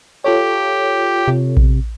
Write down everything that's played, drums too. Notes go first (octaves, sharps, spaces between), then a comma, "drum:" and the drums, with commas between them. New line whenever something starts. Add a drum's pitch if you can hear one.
F4 G4 A4 C#5
C3
drum: kick A#1